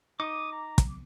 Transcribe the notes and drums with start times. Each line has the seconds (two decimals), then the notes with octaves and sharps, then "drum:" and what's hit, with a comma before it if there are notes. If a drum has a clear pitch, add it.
0.20 D#4 D6 D#6
0.52 A#5
0.78 drum: kick, hi-hat